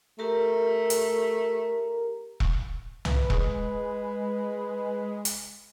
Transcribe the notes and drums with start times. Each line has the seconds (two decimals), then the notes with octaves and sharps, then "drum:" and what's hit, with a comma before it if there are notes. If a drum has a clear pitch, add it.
0.19 A3 G4 A#4 A#5
0.90 drum: hi-hat
2.40 drum: kick E1
3.05 B4, drum: tom C2
3.30 G#3, drum: kick E1
5.25 drum: hi-hat